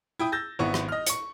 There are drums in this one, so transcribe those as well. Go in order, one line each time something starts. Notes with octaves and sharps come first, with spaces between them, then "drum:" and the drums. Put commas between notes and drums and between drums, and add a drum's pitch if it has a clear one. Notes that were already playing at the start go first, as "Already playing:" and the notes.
E4 G5 D#6
E6 G6 A6 A#6
G#1 B3 E4 C#6
drum: rim click
D#5 F6
C#6 C#7, drum: hi-hat